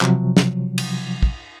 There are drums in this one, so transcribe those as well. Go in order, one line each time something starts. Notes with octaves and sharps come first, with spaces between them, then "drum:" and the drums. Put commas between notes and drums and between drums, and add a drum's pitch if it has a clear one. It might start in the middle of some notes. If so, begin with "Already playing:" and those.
C3 F3 F#3, drum: clap
drum: snare
drum: cymbal
drum: kick